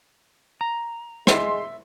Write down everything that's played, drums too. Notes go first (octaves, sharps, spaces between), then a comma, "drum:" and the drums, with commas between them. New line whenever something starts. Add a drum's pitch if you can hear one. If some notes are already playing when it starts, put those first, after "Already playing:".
A#5
G#3 E5 C6, drum: rim click